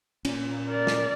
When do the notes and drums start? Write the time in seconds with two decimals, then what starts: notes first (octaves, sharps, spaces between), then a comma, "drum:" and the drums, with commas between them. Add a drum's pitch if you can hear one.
0.25 A#2 C#4, drum: cymbal
0.68 A#4 D5
0.87 drum: snare